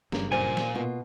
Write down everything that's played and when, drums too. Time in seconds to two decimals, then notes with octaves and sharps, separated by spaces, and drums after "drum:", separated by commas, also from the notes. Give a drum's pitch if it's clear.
0.12 F#1 G2 C#3 A#3, drum: snare
0.32 A#2 C5 G#5
0.57 drum: snare
0.75 B2 A#3 F4